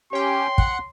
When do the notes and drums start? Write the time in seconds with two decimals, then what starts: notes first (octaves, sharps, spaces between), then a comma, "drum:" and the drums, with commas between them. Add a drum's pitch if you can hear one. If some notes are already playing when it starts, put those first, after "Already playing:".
0.13 C#4 G4 C#5 G5 C6
0.58 F#5 F#6, drum: kick